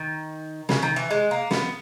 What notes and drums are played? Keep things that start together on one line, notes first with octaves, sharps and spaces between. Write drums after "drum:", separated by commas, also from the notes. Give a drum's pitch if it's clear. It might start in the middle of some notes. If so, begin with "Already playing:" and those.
Already playing: D#3
C#3, drum: snare
D#3
E3
G#3
A#3
B3, drum: snare